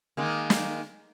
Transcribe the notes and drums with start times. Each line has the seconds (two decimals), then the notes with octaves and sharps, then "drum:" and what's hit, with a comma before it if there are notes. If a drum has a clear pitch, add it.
0.17 D#3 G#3 A#3
0.50 drum: snare